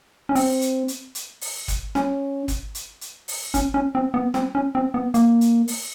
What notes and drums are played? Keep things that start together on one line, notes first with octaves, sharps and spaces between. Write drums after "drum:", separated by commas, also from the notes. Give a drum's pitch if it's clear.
C#4
C4, drum: open hi-hat
drum: hi-hat
drum: hi-hat
drum: hi-hat
drum: open hi-hat
drum: kick, hi-hat
C#4, drum: snare
drum: kick, hi-hat
drum: hi-hat
drum: hi-hat
drum: open hi-hat
C#4, drum: kick, hi-hat
C#4
C4
B3
C4, drum: snare
C#4
C4
B3
A#3, drum: hi-hat
drum: hi-hat
drum: open hi-hat